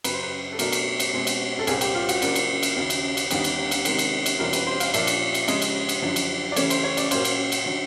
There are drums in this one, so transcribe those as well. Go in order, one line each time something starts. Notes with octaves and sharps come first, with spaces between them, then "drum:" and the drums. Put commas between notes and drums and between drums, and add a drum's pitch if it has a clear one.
F#2 C#3 F#3 B4, drum: cymbal
C5
B4
A4
B2 F#3 A3 D4 A#4, drum: cymbal
drum: cymbal
drum: cymbal
B2 G#3 C4
drum: cymbal
A4
C2 A#2 G3 C4 G#4, drum: cymbal
G4, drum: cymbal
F4
F#4, drum: cymbal
C#3 F#3 A#3 D4 F4, drum: cymbal
drum: cymbal
drum: cymbal
D#2 C#3 F#3
drum: cymbal
drum: cymbal
D#2 D3 G3 B3 D#4 G4, drum: cymbal
drum: cymbal
drum: cymbal
C3 D#3 G#3, drum: cymbal
drum: cymbal
drum: cymbal
E2 B2 G3 C4 F4 A#4
B4, drum: cymbal
C5
F5, drum: cymbal
A#2 F3 A#3 D4 F4 E5, drum: cymbal
drum: cymbal
drum: cymbal
C#3 F3 G#3 C#4 D#5, drum: cymbal
drum: cymbal
drum: cymbal
F#2 D3 F3
drum: cymbal
D5
C#3 E3 A3 C#4 E4 C#5, drum: cymbal
C5, drum: cymbal
C#5
D5, drum: cymbal
A#2 F#3 A#3 C#4 C5, drum: cymbal
drum: cymbal
drum: cymbal
D3 F#3